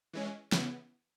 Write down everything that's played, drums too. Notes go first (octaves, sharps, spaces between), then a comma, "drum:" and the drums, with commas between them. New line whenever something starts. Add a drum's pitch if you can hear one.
E3 G#3 C#4
C#3 E3 B3, drum: snare